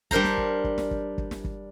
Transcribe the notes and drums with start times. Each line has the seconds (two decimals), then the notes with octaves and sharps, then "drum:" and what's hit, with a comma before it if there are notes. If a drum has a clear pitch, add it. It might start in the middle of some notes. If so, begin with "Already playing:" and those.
0.11 G3 D4 A#4 C5 A#5, drum: kick
0.24 drum: snare
0.38 drum: kick
0.64 drum: kick
0.78 drum: snare
0.91 drum: kick
1.18 drum: kick
1.31 drum: snare
1.44 drum: kick